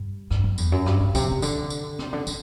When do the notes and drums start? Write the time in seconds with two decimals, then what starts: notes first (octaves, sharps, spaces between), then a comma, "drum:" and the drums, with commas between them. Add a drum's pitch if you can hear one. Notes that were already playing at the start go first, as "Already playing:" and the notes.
Already playing: G2
0.31 G2, drum: rim click
0.44 F#2
0.58 E2, drum: tambourine
0.72 F#2
0.86 G2, drum: rim click
1.00 A2
1.15 C3, drum: kick C#2, tambourine
1.31 C3
1.42 D3, drum: tambourine
1.70 drum: tambourine
1.99 C3, drum: rim click
2.13 D3
2.27 D3, drum: tambourine